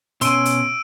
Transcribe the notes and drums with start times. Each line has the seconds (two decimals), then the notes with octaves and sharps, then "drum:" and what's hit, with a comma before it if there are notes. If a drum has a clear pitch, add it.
0.21 B2 C#4 C6 E6 D7 D#7, drum: hi-hat
0.46 drum: hi-hat